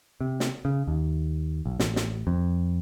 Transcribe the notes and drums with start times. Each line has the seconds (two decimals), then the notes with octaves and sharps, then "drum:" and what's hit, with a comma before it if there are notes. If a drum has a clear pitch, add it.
0.21 C3
0.40 drum: snare
0.65 C#3
0.87 D#2
1.66 B1
1.80 A1, drum: snare
1.96 drum: snare
2.27 F2